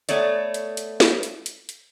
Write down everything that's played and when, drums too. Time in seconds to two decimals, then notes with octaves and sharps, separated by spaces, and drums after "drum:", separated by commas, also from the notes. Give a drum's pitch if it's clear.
0.09 A3 B3 C#5 D5, drum: hi-hat
0.54 drum: hi-hat
0.77 drum: hi-hat
1.00 drum: snare
1.23 drum: hi-hat
1.46 drum: hi-hat
1.69 drum: hi-hat